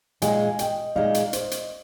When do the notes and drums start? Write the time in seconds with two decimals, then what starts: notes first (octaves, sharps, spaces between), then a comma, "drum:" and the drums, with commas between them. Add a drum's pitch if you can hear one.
0.22 A#2 G#3 D#4 F5 G#5, drum: hi-hat
0.59 D#5 G5, drum: hi-hat
0.96 A#2 G#3 D#4 D5 F5
1.14 drum: hi-hat
1.33 C5 D#5, drum: hi-hat
1.51 drum: hi-hat